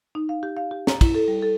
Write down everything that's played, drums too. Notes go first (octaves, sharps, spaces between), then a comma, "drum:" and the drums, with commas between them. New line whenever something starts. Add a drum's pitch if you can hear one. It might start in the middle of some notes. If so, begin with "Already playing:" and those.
D#4
F5
G4
F5
G4
A#5, drum: snare
E4, drum: kick, cymbal
A4
G3
A4